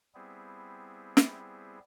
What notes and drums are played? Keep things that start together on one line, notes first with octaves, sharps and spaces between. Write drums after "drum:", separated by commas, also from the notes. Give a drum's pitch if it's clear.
G3 B3 C4 E4 G#4
drum: snare